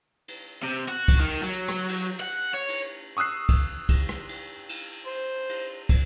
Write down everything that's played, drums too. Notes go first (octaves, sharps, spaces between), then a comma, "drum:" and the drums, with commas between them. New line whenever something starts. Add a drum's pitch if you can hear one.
drum: cymbal
C3
F#4
drum: kick, cymbal
D#3
F#3
drum: rim click
drum: cymbal
F#5
C#5
drum: cymbal
C#6 D#6 E6 F#6 C7
drum: kick, cymbal
drum: kick, cymbal
drum: rim click
drum: cymbal
drum: cymbal
C5
drum: cymbal
drum: kick, cymbal